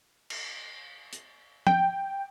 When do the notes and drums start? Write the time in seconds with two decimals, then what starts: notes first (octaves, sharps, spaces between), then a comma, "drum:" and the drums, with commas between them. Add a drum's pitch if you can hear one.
0.30 drum: cymbal
1.13 drum: hi-hat
1.67 G5, drum: tom